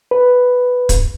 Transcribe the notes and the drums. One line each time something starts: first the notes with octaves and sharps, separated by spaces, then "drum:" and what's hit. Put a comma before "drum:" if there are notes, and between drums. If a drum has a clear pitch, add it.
B4
drum: kick, hi-hat